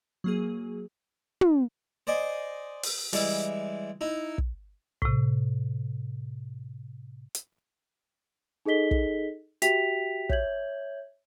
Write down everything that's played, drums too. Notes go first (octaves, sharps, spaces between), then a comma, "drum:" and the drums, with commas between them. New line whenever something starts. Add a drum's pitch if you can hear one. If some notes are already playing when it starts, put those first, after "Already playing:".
F#3 A#3 G#4
drum: tom
C5 D5 D#5 G#5
drum: open hi-hat
E3 G3 G#3 E4, drum: open hi-hat
D#4 E4
drum: kick
A2 C3, drum: kick
drum: hi-hat
D#4 G#4 A4 D#5 B6 G7
drum: kick
F#4 G4 E5 G5 B6 F7, drum: hi-hat
C#5 E5 G6 G#6 F#7, drum: kick